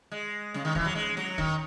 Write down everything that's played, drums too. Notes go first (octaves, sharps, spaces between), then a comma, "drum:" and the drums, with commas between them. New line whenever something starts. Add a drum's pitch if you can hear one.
G#3
C#3, drum: snare
D#3
E3, drum: kick
F#3
G#3
F#3, drum: snare
D#3, drum: kick